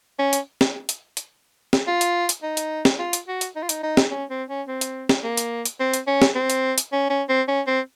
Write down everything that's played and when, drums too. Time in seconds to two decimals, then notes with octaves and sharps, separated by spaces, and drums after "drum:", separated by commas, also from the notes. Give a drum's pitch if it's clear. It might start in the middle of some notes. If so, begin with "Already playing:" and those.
0.19 C#4
0.33 drum: hi-hat
0.61 drum: snare
0.89 drum: hi-hat
1.17 drum: hi-hat
1.73 drum: snare
1.87 F4
2.01 drum: hi-hat
2.29 drum: hi-hat
2.43 D#4
2.57 drum: hi-hat
2.85 drum: snare
2.99 F4
3.13 drum: hi-hat
3.28 F#4
3.41 drum: hi-hat
3.56 D#4
3.62 F4
3.69 D#4, drum: hi-hat
3.83 D#4
3.97 drum: snare
4.11 C#4
4.30 C4
4.49 C#4
4.68 C4
4.81 drum: hi-hat
5.09 drum: snare
5.23 A#3
5.37 drum: hi-hat
5.65 drum: hi-hat
5.80 C4
5.94 drum: hi-hat
6.07 C#4
6.22 drum: snare
6.35 C4
6.50 drum: hi-hat
6.78 drum: hi-hat
6.92 C#4
7.10 C#4
7.29 C4
7.48 C#4
7.67 C4